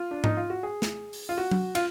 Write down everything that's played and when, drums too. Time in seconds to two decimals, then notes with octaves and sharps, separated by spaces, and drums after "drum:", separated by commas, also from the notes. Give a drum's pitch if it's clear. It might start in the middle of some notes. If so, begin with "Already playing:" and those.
Already playing: F4
0.11 D4
0.24 D#4, drum: tom G#2
0.37 F4
0.50 F#4
0.63 G#4
0.82 drum: snare
1.13 drum: open hi-hat
1.29 F4
1.38 F#4
1.51 drum: tom F#3
1.75 F4, drum: cymbal